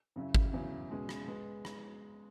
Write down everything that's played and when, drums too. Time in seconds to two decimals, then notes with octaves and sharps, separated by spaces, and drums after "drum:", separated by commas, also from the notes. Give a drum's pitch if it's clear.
0.16 F#2 C#3 F#3 E4
0.34 drum: kick G#1
0.53 E2 C#3 F#3 C#4 E4
0.90 B2 G#3 C#4
1.09 drum: rim click
1.28 G#3 B3
1.65 drum: rim click